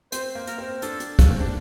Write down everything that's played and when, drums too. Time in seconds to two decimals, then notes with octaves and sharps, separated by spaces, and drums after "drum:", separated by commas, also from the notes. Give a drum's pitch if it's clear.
0.12 C4 C5, drum: hi-hat
0.35 A#3
0.47 A#4, drum: hi-hat
0.58 C4
0.82 D4 A4, drum: hi-hat
1.00 drum: hi-hat
1.19 A#3, drum: kick, hi-hat
1.30 C4
1.41 D4